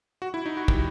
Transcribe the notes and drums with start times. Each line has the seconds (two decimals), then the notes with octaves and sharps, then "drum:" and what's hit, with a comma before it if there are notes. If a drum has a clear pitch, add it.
0.22 F#4
0.34 E4
0.46 D#4
0.57 F#4
0.68 G3, drum: kick